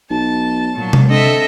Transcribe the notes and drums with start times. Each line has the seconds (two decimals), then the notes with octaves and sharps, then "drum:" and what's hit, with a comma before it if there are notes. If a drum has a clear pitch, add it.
0.10 B1 A5
0.74 A#2 F#3
0.93 drum: tom C3
1.10 D3 C4 A4 D#5 E5